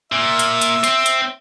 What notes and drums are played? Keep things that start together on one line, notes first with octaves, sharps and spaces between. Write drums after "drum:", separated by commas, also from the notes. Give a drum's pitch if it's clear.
A#2 E5
drum: hi-hat
drum: hi-hat
C4, drum: hi-hat
drum: hi-hat